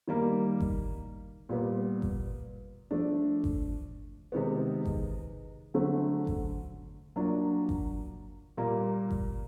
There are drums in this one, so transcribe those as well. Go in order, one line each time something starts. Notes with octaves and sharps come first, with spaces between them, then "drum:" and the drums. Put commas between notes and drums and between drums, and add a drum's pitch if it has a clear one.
D#3 G3 A#3
drum: kick G1
A#2 G3 B3
drum: kick G1
F3 A3 D4
drum: kick G1
C3 D#3 G#3 B3
drum: kick G1
D3 F#3 A3 C4
drum: kick G1
F#3 A#3 D4 F4
drum: kick G1
A#2 G3 A#3
drum: kick G1